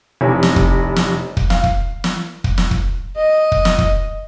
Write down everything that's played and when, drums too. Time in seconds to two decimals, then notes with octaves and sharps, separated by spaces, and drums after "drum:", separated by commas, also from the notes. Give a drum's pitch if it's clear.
0.21 F1 C3 E3 C#5
0.43 drum: snare
0.56 drum: kick
0.96 drum: snare
1.37 drum: kick
1.50 F5, drum: snare
1.64 drum: kick
2.04 drum: snare
2.44 drum: kick
2.58 drum: snare
2.71 drum: kick
3.17 D#5
3.52 drum: kick
3.65 drum: snare
3.79 drum: kick